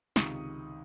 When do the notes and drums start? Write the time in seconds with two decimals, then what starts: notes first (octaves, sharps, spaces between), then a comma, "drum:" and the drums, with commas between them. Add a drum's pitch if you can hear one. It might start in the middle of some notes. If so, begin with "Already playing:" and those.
0.16 C#2 C3 D#3 C#6 D#6, drum: snare